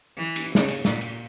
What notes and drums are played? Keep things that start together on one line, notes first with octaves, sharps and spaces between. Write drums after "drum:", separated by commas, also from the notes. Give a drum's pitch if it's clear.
E3
drum: cymbal
C#3, drum: snare
drum: cymbal
A#2, drum: snare
drum: cymbal